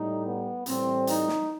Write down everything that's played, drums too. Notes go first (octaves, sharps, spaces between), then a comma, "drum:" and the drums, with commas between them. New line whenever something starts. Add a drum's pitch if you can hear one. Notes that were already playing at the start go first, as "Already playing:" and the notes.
Already playing: A2 G3 D#4
B3
A2 E3 G3 C4, drum: hi-hat
D#4, drum: hi-hat
drum: snare